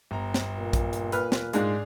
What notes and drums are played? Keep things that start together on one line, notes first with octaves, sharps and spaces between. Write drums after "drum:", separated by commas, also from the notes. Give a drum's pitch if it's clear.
G1 A#5
drum: snare
A#2
drum: kick A#1, hi-hat
drum: hi-hat
B4 F6, drum: hi-hat
drum: snare
G#2 G#3 D4 G#4 F5, drum: hi-hat